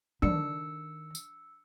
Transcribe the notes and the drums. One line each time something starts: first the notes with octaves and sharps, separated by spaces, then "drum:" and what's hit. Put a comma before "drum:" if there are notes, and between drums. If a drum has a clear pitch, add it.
D#3 D4 E6 C#7, drum: tom
drum: tambourine